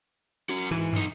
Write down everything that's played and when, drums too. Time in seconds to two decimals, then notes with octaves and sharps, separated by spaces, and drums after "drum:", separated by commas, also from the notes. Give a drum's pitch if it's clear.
0.49 C#4 F#4
0.71 G#2 E3
0.93 B1 D#4, drum: tom